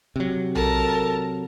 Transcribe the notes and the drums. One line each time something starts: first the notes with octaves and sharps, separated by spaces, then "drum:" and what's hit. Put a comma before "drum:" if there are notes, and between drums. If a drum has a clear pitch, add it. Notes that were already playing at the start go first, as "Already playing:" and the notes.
C3 F#3
A4 A#4 A5, drum: tom B1